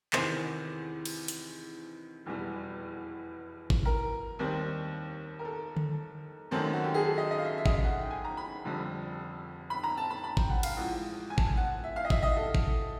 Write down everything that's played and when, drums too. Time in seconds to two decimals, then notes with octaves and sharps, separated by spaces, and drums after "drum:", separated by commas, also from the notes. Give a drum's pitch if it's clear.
0.13 E2 C3 D#3 C5, drum: clap
1.05 drum: cymbal
1.28 drum: hi-hat
2.26 F1 E2 B2 G3
3.70 drum: kick G#1
3.85 A#4
4.39 D#2 D#3 G3 C4
5.39 A#4
5.45 A4
5.77 drum: tom D3
6.51 F#2 D#3 F#3 A3 C4 A4
6.73 F#4
6.84 G4
6.94 G#4
7.05 A4
7.18 D#5
7.31 D#5
7.38 F5
7.44 E5
7.58 E5
7.66 D#5, drum: kick G#1
7.73 E5
7.84 F#5
8.00 G5
8.11 G#5
8.25 A#5
8.37 B5
8.64 F1 F2 D3 G3
9.70 B5
9.83 A#5
9.97 A5
10.10 B5
10.24 B5
10.37 G5, drum: kick G#1
10.50 F#5
10.63 F5, drum: cymbal
10.76 A1 G#2 F3 F#5
11.30 G#5
11.38 A5, drum: kick G#1
11.47 G#5
11.57 F#5
11.84 E5
11.96 F5
12.05 D#5
12.10 E5, drum: kick G#1
12.22 D#5
12.36 A4
12.55 drum: kick G#1